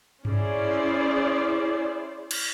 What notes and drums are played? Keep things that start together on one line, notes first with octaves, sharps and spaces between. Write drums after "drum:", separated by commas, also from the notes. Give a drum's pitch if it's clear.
C#4 E4 G#4 C5 D5, drum: tom G2
drum: cymbal